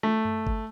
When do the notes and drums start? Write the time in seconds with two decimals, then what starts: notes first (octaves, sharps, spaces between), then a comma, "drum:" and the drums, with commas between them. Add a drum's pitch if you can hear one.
0.03 A3
0.25 drum: tom F#2
0.47 drum: kick